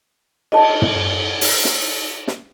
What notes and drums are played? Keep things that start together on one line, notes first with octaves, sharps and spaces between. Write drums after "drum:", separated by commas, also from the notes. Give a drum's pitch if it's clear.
D#5 A5, drum: cymbal
drum: tom
drum: open hi-hat
drum: snare
drum: snare